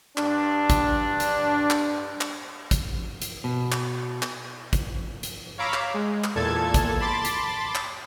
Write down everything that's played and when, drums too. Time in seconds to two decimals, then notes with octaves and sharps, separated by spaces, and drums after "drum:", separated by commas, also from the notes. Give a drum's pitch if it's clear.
0.17 G2 D4, drum: clap
0.70 drum: kick A1, hi-hat
1.20 drum: hi-hat
1.70 drum: clap
2.21 drum: clap
2.71 drum: kick A1, hi-hat
3.22 drum: hi-hat
3.44 B2
3.72 drum: clap
4.22 drum: clap
4.73 drum: kick A1, hi-hat
5.23 drum: hi-hat
5.58 C#5 F5 A#5 B5 D6 E6
5.74 drum: clap
5.94 G#3
6.24 drum: clap
6.35 E2 A#2 A4 A5 G#6
6.74 drum: kick A1, hi-hat
7.00 A5 B5 C6 D6 A6
7.25 drum: hi-hat
7.75 drum: clap